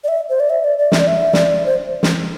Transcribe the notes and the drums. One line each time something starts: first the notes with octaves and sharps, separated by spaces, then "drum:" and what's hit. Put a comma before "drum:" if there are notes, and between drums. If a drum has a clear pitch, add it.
D5
E5
C5
D5
E5
D5
D5
E5, drum: snare
D5
E5
D5, drum: snare
C5
drum: snare